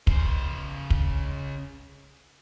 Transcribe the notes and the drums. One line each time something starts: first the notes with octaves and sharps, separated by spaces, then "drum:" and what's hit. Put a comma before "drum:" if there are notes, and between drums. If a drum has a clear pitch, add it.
C#3 C5, drum: kick
drum: kick